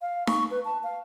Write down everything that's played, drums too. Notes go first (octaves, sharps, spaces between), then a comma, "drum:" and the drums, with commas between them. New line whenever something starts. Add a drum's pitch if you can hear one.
F5
C#6, drum: snare D#4
B4
A5
F5